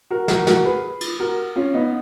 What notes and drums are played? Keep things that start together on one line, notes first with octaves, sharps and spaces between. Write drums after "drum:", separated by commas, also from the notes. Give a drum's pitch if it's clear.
F#4 A#4
F#4 A#4, drum: snare
F#4 A#4, drum: snare
G#4 B4
drum: cymbal
F#4 A#4
C#4 F4
B3 D#4